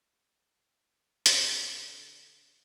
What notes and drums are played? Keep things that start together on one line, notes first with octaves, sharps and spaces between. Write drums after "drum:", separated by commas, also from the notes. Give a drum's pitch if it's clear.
D3, drum: hi-hat